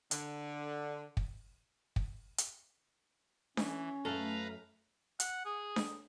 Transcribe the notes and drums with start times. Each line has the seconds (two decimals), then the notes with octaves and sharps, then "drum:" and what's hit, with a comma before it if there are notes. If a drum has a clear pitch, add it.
0.11 D3, drum: hi-hat
1.17 drum: kick
1.96 drum: kick
2.38 drum: hi-hat
3.57 E3 C#4, drum: snare D4
4.05 F#2 A3 A4 B4 F5 A#5
5.20 F#5, drum: hi-hat
5.46 G#4
5.76 drum: snare D4